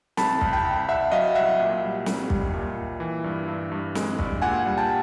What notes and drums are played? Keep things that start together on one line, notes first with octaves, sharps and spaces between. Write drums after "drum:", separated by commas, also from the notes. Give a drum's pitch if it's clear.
C2 A5 B5, drum: snare
C2, drum: kick
G5 A5
C2
C2 E5 F#5
F#3 D#5 F5
C2 E5 F#5
A#2
G3
G3, drum: snare
G3, drum: kick
A#2
A#2
E3
G2
G2
G2
G#3, drum: snare
G2, drum: kick
A#2 F#5 G#5
G3
G5 A5